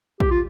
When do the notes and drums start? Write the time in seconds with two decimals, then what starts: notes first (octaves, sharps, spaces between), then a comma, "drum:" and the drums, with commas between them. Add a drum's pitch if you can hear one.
0.20 G4, drum: kick
0.31 F4